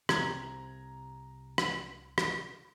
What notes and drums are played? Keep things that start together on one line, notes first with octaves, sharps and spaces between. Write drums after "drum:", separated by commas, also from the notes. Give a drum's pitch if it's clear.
C2 C3 A#5 G#6, drum: rim click
drum: rim click
drum: rim click